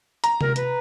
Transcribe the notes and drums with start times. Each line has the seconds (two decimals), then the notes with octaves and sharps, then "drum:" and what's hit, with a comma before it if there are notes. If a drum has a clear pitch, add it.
0.24 A#5, drum: hi-hat
0.41 A#4, drum: tom C3
0.56 B4, drum: hi-hat